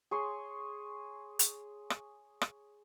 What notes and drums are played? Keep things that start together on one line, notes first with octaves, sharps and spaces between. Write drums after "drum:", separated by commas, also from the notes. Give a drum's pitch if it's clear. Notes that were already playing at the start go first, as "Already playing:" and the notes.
G#4 C#5 C6
drum: hi-hat
drum: rim click
drum: rim click